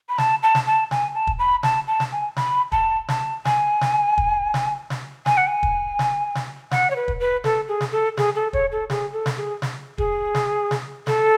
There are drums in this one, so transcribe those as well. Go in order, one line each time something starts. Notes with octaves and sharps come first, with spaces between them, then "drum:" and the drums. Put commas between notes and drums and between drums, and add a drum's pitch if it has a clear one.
B5
A5, drum: snare
A5
drum: snare
A5
G#5, drum: snare
A5
drum: kick
B5
A5, drum: snare
A5
drum: snare
G#5
B5, drum: snare
A5, drum: kick
A5, drum: snare
G#5, drum: snare
drum: snare
drum: kick
drum: snare
drum: snare
G#5, drum: snare
F#5
G#5
drum: kick
drum: snare
drum: snare
F#5, drum: snare
C#5
B4
drum: kick
B4
A4, drum: snare
G#4
drum: snare
A4
G#4, drum: snare
A4
C#5, drum: kick
A4
G#4, drum: snare
A4
drum: snare
G#4
drum: snare
G#4, drum: kick
drum: snare
drum: snare
A4, drum: snare